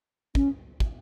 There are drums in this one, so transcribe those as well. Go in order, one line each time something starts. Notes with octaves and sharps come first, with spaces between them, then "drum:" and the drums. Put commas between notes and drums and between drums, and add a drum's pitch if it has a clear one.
C#4, drum: kick
drum: kick